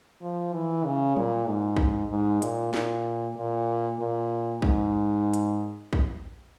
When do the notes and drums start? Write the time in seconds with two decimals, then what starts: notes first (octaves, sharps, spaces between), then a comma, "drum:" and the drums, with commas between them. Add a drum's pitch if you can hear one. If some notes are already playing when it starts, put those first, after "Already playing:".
0.22 F3
0.53 E3
0.85 C#3
1.16 A#2, drum: tom F#3
1.48 G#2
1.76 drum: kick
2.10 G#2
2.42 A#2, drum: hi-hat
2.74 A#2, drum: snare
3.36 A#2
3.99 A#2
4.62 G#2, drum: kick
5.33 drum: hi-hat
5.93 drum: kick